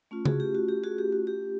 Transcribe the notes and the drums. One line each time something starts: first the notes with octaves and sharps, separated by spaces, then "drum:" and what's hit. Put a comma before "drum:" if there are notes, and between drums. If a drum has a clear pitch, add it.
A3 C#4 F4
F#4 G#4, drum: tom C#3
G4
F#4
G4
F#4 G#4
G4
F#4
G4